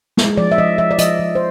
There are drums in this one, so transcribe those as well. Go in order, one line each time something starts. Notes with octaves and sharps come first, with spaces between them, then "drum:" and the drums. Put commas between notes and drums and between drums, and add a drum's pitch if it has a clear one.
G#3, drum: snare
F3 D5
E5
F3 D#5
F3 E5
D5
F3 D#5, drum: hi-hat
F3
C5